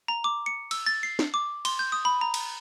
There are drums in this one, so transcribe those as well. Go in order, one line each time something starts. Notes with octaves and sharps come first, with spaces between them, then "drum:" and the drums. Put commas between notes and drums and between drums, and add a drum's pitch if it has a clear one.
A#5
D6
C#7
E6, drum: cymbal
A6
C7
drum: snare
D6
C6, drum: cymbal
G6
D#6
B5
A#5
drum: cymbal